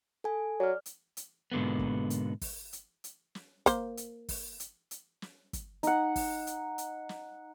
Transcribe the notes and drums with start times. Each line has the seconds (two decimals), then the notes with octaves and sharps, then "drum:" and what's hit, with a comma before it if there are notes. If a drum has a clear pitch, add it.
0.24 A4 G#5
0.60 F#3 D5 F6
0.86 drum: hi-hat
1.17 drum: hi-hat
1.52 G#2 B2 D3 A#3 B3
1.79 drum: kick
2.10 drum: hi-hat
2.41 drum: kick, open hi-hat
2.73 drum: hi-hat
3.04 drum: hi-hat
3.35 drum: snare
3.66 A#3 C5, drum: kick, hi-hat
3.97 drum: hi-hat
4.29 drum: kick, open hi-hat
4.60 drum: hi-hat
4.91 drum: hi-hat
5.22 drum: snare
5.53 drum: kick, hi-hat
5.83 D#4 F#5, drum: hi-hat
6.16 drum: kick, open hi-hat
6.47 drum: hi-hat
6.78 drum: hi-hat
7.09 drum: snare